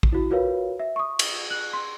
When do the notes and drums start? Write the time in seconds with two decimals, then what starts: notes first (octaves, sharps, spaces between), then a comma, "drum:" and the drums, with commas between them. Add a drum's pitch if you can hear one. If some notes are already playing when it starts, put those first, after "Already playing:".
0.03 drum: kick
0.12 E4 F#4
0.31 F4 F#4 A#4 B4 C#5 F5
0.79 E5
0.96 C#6 D#6
1.19 drum: cymbal
1.51 F#6 F#7
1.73 C6